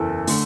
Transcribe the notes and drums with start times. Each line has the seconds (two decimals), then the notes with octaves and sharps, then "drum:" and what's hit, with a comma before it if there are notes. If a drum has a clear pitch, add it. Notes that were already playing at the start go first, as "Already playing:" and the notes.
Already playing: F#1 E2 A4
0.27 D3 A3, drum: open hi-hat